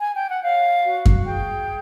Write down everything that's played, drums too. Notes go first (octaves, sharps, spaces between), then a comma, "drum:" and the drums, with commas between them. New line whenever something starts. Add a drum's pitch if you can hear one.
G#5
G5
F#5
C#5 F5
F#4
drum: kick F#2
G#4 G5